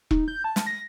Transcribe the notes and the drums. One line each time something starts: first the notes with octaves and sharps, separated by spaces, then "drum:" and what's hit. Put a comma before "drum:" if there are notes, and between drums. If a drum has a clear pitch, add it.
D#4, drum: kick E1
G6
A5
drum: snare
A#6